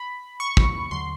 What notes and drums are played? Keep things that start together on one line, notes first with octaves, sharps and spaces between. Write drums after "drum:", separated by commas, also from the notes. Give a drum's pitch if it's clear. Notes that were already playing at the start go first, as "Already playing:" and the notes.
Already playing: B5
C#6
drum: kick
D#2 D3 F#3 C6